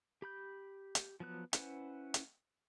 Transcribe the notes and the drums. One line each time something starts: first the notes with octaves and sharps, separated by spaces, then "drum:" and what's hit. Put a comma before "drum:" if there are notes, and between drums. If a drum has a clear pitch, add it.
G4 B5 G6
drum: hi-hat
F3 F#3 B3 F#6
C#4 E4 B4 C5 F#5, drum: hi-hat
drum: hi-hat